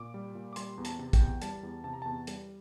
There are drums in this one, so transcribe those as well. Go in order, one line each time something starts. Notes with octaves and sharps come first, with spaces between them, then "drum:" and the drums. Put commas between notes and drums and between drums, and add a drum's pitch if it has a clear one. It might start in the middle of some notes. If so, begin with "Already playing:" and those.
Already playing: A#2 D6
G3
A#2
D6
G3 C6, drum: hi-hat
E2
A5, drum: hi-hat
C3
G5, drum: kick, hi-hat
E2
G3 A5, drum: hi-hat
E2
C3 A5
A#5
E2 A5
G3, drum: hi-hat